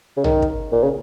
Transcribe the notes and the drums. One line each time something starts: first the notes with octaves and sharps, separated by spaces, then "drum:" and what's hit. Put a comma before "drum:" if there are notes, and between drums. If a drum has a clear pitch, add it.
C#3
D#3, drum: tom B1
drum: kick
A#2
C#3